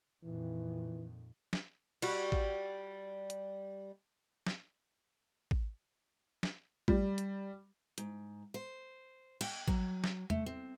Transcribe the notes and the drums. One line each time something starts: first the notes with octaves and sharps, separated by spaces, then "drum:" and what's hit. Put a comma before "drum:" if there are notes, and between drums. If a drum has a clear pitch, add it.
F2 A#2 D#3 E3
drum: snare
G3 F#4, drum: cymbal
drum: kick A1
drum: hi-hat
drum: snare
drum: kick A1
drum: snare
G3, drum: kick A1
drum: hi-hat
G#2, drum: hi-hat
C5
G5, drum: cymbal
F#3, drum: kick A1
drum: snare
A3, drum: tom E2
C4